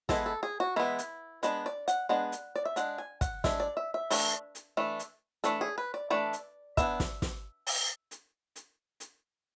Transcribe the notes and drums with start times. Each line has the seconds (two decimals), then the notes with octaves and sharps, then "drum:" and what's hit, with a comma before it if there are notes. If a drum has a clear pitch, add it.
0.09 E3 G#3 B3 A4, drum: snare
0.26 A4
0.43 G#4
0.60 F#4
0.76 E3 G#3 B3 E4
0.99 drum: hi-hat
1.43 G#3 B3 D4 B4, drum: hi-hat
1.66 D5
1.88 F#5, drum: hi-hat
2.09 G#3 B3 D4 F#5
2.32 drum: hi-hat
2.56 D5
2.65 E5
2.76 G#3 D4 F#5, drum: hi-hat
2.98 G#5
3.21 F#5, drum: kick, hi-hat
3.44 G#3 D4 E5, drum: snare
3.60 D5
3.77 E5
3.94 E5
4.11 E3 A3 D4, drum: open hi-hat
4.55 drum: hi-hat
4.77 E3 A3 D4
4.99 drum: hi-hat
5.44 E3 A3 D4 A4, drum: hi-hat
5.61 G#4
5.78 B4
5.94 D5
6.10 E3 A3 D4 D5
6.33 drum: hi-hat
6.77 E3 B3 D4 E5, drum: kick, hi-hat
7.00 drum: snare
7.22 drum: snare
7.67 drum: open hi-hat
8.11 drum: hi-hat
8.56 drum: hi-hat
9.00 drum: hi-hat